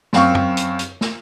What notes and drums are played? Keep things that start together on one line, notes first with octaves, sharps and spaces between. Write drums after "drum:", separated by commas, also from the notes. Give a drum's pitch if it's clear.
F#2 C4 F5 C#6, drum: snare
drum: tom
drum: hi-hat
drum: hi-hat
drum: snare